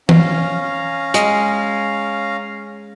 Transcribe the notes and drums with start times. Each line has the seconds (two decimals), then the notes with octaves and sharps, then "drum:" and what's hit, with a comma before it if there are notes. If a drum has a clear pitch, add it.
0.09 C#4 F5 A#5, drum: tom E3
1.14 G#3, drum: hi-hat